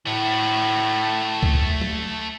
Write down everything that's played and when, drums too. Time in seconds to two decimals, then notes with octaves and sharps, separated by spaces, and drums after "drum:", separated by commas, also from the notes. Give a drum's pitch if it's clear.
0.07 A2 A3 F#4
1.43 drum: kick D2
1.81 drum: tom